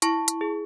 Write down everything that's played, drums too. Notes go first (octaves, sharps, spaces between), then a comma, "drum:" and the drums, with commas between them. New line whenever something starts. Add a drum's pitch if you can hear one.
E4 A5 C#6, drum: hi-hat
drum: hi-hat
G#4